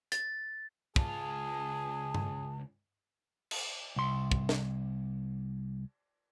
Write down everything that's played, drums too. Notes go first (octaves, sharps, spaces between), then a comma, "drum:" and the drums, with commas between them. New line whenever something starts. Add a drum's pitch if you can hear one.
A6, drum: hi-hat
C#2 F4 G#4 A5, drum: kick
drum: tom G2
drum: cymbal
C2 C6
drum: kick
drum: snare